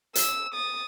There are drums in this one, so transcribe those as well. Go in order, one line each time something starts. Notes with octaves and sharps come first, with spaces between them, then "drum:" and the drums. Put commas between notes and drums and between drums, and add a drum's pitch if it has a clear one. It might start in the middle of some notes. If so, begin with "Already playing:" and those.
E6, drum: hi-hat
D#6 A6